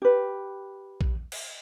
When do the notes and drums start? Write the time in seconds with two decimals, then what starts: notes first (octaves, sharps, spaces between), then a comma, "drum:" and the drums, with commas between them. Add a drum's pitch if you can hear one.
0.02 G4 B4
1.01 drum: kick A#1
1.32 drum: cymbal